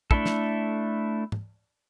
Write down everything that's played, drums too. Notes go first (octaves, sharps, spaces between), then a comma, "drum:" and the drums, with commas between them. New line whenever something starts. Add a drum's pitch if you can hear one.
A3 D4 E4 A4, drum: kick
drum: snare
drum: tom G#2